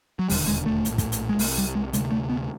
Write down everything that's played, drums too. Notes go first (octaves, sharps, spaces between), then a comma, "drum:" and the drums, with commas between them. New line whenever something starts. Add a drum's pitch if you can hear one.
F#3
E1 D#2 D3 G3, drum: open hi-hat
G#3
A3
A#1 A2, drum: hi-hat
drum: kick, hi-hat
drum: hi-hat
G#3
C2 C3 A3, drum: open hi-hat
G3
G#3
D2 C3 G#3, drum: hi-hat
A3
B3